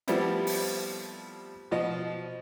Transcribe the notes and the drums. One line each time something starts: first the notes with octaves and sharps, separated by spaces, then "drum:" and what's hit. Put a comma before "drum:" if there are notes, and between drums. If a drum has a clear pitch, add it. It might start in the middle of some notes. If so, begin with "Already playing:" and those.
F3 G3 A3 B3 C4 E4, drum: hi-hat
drum: open hi-hat
B2 F3 D#5